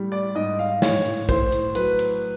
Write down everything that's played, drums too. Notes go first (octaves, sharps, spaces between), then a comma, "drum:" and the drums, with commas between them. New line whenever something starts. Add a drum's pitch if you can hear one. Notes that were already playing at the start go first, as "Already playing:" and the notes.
Already playing: A2 G3
D5
G#2 D#5
F5
A2 C#5, drum: snare
drum: hi-hat
A2 C5, drum: kick, hi-hat
drum: hi-hat
F#3 B4, drum: hi-hat
drum: hi-hat